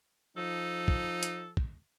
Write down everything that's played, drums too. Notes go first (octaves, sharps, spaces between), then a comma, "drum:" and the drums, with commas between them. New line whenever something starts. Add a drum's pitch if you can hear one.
F3 D#4 A4
drum: kick
drum: hi-hat
drum: kick